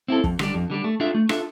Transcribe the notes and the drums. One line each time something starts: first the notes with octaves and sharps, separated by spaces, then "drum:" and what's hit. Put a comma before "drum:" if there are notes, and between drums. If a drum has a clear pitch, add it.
C4 E4 A4
F2, drum: kick
D3 G3 D4, drum: rim click
F2
D3 G3 D4
A3
D4 F4 A4 E5
A3
D4 F4 A4 E5, drum: rim click